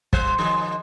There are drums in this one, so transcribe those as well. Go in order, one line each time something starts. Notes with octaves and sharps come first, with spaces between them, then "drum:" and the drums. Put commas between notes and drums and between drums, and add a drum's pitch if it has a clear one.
G3 C5, drum: kick
D#3 F3 G#3